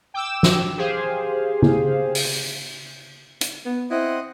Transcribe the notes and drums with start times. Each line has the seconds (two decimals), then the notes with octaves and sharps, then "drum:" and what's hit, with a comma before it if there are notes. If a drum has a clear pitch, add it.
0.14 G5 D6 E6 E7
0.43 drum: snare
0.77 G4 G#4 C5 F5
1.62 drum: tom C#3
2.15 drum: open hi-hat
3.41 drum: hi-hat
3.65 B3
3.91 C4 E4 D#5 F#5